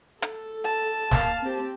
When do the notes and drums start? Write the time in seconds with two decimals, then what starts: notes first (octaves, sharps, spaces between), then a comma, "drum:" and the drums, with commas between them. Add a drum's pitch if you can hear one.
0.22 A4, drum: hi-hat
0.65 A5
1.11 A#3 F5, drum: snare
1.42 C4 G4